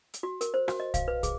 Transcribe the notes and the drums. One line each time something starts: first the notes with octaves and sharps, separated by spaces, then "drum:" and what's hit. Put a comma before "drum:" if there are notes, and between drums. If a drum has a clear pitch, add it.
drum: hi-hat
F#4
A#4, drum: hi-hat
C5
F#4, drum: rim click
D#5
F5, drum: kick, hi-hat
B4
G#4, drum: kick, hi-hat